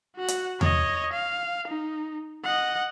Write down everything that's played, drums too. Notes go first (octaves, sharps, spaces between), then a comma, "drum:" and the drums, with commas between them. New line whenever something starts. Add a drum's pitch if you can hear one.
F#4 F#5
drum: hi-hat
C#5 D#5, drum: tom E2
F5
D#4
D#5 F#5